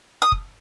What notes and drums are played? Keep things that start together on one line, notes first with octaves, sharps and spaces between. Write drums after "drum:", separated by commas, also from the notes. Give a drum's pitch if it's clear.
D#6
drum: kick